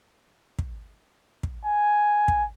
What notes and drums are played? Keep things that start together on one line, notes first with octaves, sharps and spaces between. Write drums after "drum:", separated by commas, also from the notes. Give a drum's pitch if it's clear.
drum: kick
drum: kick
G#5
drum: kick